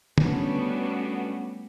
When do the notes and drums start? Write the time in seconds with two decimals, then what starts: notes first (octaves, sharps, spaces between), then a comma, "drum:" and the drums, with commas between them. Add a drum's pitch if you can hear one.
0.18 G3 A3 B3 C#4 D4 F#4, drum: tom